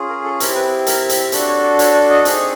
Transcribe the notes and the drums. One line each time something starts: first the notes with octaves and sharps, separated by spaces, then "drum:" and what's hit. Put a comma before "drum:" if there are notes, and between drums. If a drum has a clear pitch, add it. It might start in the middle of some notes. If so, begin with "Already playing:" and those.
Already playing: C#4 F4 G#4
A#4
A4
C4 E4 G4 A#4, drum: hi-hat
B4
A#4, drum: hi-hat
drum: hi-hat
D4 F#4 A4, drum: hi-hat
D5
C#5
D5
C#5, drum: hi-hat
D5
D#5
C4 D#4 G#4, drum: hi-hat